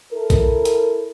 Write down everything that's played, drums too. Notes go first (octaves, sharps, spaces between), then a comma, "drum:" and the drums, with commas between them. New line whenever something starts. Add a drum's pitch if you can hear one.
E4 A4 A#4
drum: kick, hi-hat
drum: hi-hat